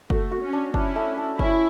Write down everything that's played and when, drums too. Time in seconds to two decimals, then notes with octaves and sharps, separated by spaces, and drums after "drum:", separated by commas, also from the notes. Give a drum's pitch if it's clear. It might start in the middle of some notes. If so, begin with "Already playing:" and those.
0.10 A3 F#4, drum: kick F#1
0.31 F#4
0.43 C#4
0.53 D4
0.74 C#4 D4 E4, drum: kick F#1
0.96 A3
1.18 A4
1.39 C#4 E4, drum: kick F#1